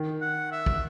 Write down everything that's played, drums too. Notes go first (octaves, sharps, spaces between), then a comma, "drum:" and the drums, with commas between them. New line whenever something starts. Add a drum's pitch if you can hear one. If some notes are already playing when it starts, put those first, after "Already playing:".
Already playing: D#3
F#5
E5
drum: kick